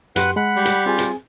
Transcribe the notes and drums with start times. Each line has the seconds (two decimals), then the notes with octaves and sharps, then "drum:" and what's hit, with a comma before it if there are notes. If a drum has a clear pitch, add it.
0.16 F#2 G4 B4 F#5 C6 F#6, drum: hi-hat
0.36 G#3 F#5 B5
0.56 G3
0.65 drum: hi-hat
0.86 C4 F4 G#4 G#5
0.98 drum: hi-hat